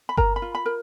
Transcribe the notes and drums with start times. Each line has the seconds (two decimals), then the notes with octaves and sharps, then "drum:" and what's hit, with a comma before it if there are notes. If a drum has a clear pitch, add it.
0.09 B5
0.17 A#4 A#5, drum: kick G1
0.36 B5
0.42 F4
0.55 B5
0.66 A#4